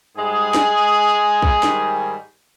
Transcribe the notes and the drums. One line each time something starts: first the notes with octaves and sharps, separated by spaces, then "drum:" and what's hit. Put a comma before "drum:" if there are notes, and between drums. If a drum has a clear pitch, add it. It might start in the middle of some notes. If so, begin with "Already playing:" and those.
G#2 G3 G#3 G#4
drum: snare
drum: kick
G#2 D#3 G3, drum: snare